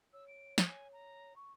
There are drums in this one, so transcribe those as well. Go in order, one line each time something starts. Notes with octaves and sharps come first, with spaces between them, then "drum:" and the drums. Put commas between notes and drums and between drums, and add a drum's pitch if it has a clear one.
C#5 E6
D7
drum: snare
G#5
A#5
C#6